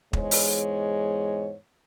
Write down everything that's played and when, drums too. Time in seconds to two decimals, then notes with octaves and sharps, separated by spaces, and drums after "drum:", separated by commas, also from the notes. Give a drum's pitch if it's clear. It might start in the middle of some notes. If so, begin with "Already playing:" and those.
0.13 E2 G#2 G#3 C#5, drum: kick
0.31 drum: open hi-hat